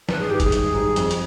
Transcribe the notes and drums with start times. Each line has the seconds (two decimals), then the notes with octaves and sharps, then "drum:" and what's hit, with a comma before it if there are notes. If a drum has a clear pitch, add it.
0.09 G#1 B4, drum: snare
0.19 G#4
0.29 G#2 D#3 G3 G4
0.40 G#4, drum: kick G1, hi-hat
0.52 G#1, drum: hi-hat
0.74 G#2 D#3 G3
0.96 F2, drum: hi-hat
1.11 drum: hi-hat